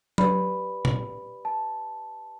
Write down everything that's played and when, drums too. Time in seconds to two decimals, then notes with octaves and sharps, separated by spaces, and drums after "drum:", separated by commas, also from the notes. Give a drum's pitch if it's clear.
0.18 G4 B4 D5 B5, drum: tom F#3
0.85 drum: tom A#2
1.45 A5